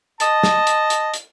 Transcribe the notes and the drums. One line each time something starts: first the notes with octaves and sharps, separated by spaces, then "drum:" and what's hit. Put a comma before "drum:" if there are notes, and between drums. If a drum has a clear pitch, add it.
D#5 A5, drum: hi-hat
drum: snare
drum: hi-hat
drum: hi-hat
drum: hi-hat